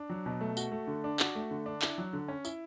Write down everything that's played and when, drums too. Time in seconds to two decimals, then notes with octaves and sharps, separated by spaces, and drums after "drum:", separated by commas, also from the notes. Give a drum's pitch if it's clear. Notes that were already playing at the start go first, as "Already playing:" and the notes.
Already playing: D4
0.10 F#3
0.26 B2
0.41 A3
0.57 F#4, drum: tambourine
0.72 A3
0.87 D3
1.04 D4
1.20 F#4, drum: clap
1.35 A3
1.51 D3
1.66 D4
1.82 E4, drum: clap
1.98 F#3
2.13 D3
2.28 C#4
2.45 E4, drum: tambourine